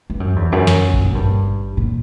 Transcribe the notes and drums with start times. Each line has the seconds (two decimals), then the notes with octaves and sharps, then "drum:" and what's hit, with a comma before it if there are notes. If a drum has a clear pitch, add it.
0.10 G2
0.20 F#2
0.36 E2
0.52 F#2
0.67 drum: snare
0.94 drum: kick G#1
1.04 A#2
1.15 G2
1.77 A#2